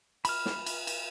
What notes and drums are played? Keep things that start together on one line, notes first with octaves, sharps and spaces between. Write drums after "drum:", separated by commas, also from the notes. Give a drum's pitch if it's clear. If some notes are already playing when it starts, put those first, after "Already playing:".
B5 F6, drum: cymbal
drum: snare
drum: cymbal
drum: cymbal